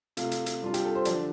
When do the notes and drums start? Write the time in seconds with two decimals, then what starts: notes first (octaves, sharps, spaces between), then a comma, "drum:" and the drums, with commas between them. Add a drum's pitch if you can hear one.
0.17 C3 A3 F4 F5, drum: hi-hat
0.31 drum: hi-hat
0.46 drum: hi-hat
0.62 C3 G3 D4 F4
0.74 G4, drum: hi-hat
0.85 A4
0.95 C5
1.05 D3 F3 D4 D5, drum: hi-hat